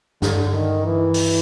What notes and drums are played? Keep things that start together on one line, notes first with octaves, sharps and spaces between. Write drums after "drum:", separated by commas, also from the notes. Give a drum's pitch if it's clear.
G2 D3, drum: snare
D#3
E3
drum: open hi-hat